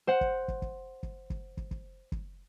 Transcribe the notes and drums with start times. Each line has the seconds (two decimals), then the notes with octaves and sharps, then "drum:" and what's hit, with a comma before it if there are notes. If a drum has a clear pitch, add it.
0.07 C5 F#5
0.21 drum: kick
0.48 drum: kick
0.62 drum: kick
1.03 drum: kick
1.30 drum: kick
1.57 drum: kick
1.71 drum: kick
2.12 drum: kick